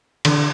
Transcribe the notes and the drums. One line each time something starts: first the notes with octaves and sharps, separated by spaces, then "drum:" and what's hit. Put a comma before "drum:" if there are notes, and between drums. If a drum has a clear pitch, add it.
D3, drum: cymbal